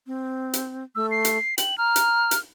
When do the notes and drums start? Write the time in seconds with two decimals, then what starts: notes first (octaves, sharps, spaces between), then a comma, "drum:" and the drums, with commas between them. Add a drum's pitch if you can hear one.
0.07 C4
0.53 drum: hi-hat
0.95 A3 E6
1.11 C7
1.25 drum: hi-hat
1.58 G5 F#7, drum: hi-hat
1.78 A#5 F6
1.96 drum: hi-hat
2.31 drum: hi-hat